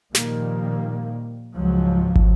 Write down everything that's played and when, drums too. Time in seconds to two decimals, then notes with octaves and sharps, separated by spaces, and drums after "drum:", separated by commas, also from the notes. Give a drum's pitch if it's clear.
0.15 A#2 D#3 F3 G3 A#3, drum: snare
1.56 C#2 G#2 F3 F#3
2.16 drum: kick